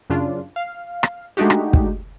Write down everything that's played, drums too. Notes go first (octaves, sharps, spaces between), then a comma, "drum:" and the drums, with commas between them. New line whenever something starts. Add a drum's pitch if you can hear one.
F#2 C#3 D4 F4
F5
drum: rim click
G#3 A3 D4 D#4 F#4 G4
drum: rim click
drum: kick